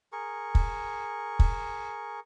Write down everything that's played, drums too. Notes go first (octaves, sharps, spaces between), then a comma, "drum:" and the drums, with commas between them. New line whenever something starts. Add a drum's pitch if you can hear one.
G#4 A#4 C#6
drum: kick
drum: kick